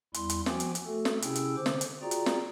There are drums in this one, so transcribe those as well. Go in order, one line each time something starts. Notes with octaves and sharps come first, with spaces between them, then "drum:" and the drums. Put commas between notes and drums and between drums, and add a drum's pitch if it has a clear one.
E2 G3 E4 C6, drum: hi-hat
drum: hi-hat
F3 B3 F#4 G5 G#5 D6, drum: snare
drum: hi-hat
drum: hi-hat
A3 F#4 A4
drum: snare
C3 C#4 E4 G#4 G5 E6, drum: hi-hat
drum: hi-hat
D3 C5 D6
drum: snare
drum: hi-hat
F4 F#4 G#4 D5 G5 A#5
drum: hi-hat
drum: snare